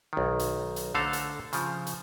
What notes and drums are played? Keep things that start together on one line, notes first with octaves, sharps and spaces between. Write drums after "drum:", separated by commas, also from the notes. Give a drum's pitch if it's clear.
B1 D#3
drum: hi-hat
drum: hi-hat
D3 A3 A4 C5 F5 A#5
drum: hi-hat
C#3 F3, drum: hi-hat
drum: hi-hat